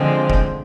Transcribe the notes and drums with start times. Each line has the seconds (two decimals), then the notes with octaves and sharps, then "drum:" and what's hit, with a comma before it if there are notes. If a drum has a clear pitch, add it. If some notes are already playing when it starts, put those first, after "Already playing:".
Already playing: D3 F3 G#3 C4
0.30 drum: kick